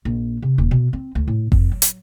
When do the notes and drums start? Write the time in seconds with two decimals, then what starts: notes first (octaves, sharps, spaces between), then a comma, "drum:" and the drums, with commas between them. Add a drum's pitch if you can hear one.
0.05 A#1
0.42 C3
0.58 D#1
0.71 B2
0.93 C4
1.15 D2
1.28 A2
1.52 F2, drum: kick F#1
1.72 F#3
1.82 drum: hi-hat